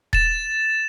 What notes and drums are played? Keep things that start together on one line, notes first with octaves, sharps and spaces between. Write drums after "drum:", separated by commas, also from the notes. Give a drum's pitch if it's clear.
A6 E7, drum: kick D#1